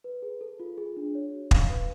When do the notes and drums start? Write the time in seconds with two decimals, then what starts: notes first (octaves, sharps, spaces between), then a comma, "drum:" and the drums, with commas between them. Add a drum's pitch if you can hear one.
0.04 B4
0.22 G#4
0.41 A4
0.60 F4
0.78 G#4
0.97 D4
1.15 C#5
1.33 F#4
1.51 F5, drum: kick
1.70 B4